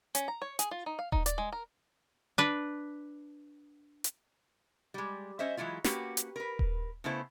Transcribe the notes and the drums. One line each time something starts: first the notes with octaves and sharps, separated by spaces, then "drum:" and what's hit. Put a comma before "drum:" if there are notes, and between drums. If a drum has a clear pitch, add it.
C#4, drum: hi-hat
A#5
C#5
G#4, drum: hi-hat
F4
D#4
F5
D#4, drum: kick D#1
D5, drum: hi-hat
G#3
A#4
D4 B4
drum: hi-hat
G3 G#3
C#4 C5 D#5 E5
E3 F#3 G#3 E4 F4
A#3 C#4 F#4 G4 B4, drum: snare
drum: hi-hat
A#4 B4
drum: kick D#1
C#3 A3 B3 E4 C5